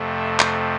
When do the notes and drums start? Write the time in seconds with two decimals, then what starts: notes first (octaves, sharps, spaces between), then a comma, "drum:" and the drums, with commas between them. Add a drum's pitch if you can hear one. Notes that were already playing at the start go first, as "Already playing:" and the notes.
Already playing: F2 C3 F3 A3
0.18 E5
0.39 drum: clap